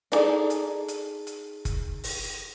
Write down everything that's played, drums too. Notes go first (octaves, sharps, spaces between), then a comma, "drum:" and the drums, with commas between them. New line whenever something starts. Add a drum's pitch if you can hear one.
D4 D#4 G#4 A4 D5, drum: hi-hat
drum: hi-hat
drum: hi-hat
drum: hi-hat
drum: kick F#1, hi-hat
drum: open hi-hat